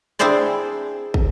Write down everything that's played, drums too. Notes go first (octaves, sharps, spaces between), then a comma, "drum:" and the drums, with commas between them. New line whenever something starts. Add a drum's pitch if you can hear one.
C4 D4 E4 G#4 C5 D5
drum: kick